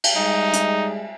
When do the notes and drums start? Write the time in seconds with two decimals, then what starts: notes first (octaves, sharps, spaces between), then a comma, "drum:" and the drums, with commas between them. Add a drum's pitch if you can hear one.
0.04 drum: cymbal
0.16 G3 G#3 D#4
0.53 drum: hi-hat